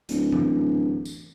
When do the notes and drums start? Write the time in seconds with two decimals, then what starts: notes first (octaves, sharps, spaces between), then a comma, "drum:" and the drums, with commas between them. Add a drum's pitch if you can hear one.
0.09 D1, drum: hi-hat
0.32 drum: tom E3
1.05 drum: tambourine